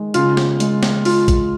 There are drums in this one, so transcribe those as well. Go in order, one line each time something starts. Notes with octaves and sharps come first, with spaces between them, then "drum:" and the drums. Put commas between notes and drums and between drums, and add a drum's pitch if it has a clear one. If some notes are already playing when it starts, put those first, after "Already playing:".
Already playing: D#3 G#3
C#3 F4, drum: hi-hat
drum: snare
G#3, drum: hi-hat
drum: snare
F4, drum: open hi-hat
drum: kick A#1, hi-hat